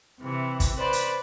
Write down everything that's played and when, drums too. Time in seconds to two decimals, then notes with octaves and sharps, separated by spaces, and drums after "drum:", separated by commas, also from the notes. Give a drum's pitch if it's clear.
0.20 C3 E3
0.60 drum: kick, hi-hat
0.76 B4 C5 D5
0.93 drum: hi-hat